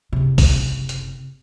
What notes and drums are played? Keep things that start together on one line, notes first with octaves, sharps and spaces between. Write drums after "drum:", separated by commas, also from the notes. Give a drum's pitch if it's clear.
F#1 C3
drum: kick, open hi-hat
drum: hi-hat